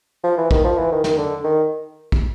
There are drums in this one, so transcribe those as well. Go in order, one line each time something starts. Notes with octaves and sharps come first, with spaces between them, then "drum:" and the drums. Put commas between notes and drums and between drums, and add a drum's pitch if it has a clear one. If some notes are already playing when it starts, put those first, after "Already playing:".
F3
E3
D#3, drum: kick
F3
E3
D#3
D#3, drum: snare
D3
D#3
drum: kick